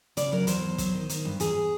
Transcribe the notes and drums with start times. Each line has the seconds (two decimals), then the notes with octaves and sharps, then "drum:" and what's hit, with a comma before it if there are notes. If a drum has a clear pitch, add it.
0.17 C#3 D5, drum: hi-hat
0.32 F#3 A#4
0.47 E2 C5, drum: hi-hat
0.63 F#3
0.78 F#3, drum: kick, hi-hat
0.95 D#3
1.09 D#3, drum: hi-hat
1.25 G2
1.40 E2 G#4, drum: hi-hat